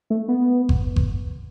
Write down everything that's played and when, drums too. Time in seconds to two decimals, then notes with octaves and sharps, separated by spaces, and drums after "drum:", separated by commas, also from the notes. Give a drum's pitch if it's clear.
0.10 A3
0.28 B3
0.69 drum: kick G1
0.96 drum: kick G1